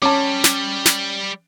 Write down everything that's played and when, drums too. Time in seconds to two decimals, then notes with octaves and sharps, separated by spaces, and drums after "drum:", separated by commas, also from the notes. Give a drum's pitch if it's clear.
0.02 G3 C#4 A5 D6
0.44 drum: snare
0.85 drum: snare